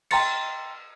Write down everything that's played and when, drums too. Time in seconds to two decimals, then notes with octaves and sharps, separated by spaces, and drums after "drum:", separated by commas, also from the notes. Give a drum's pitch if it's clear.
0.11 G5 A#5 C6 A6 C#7, drum: cymbal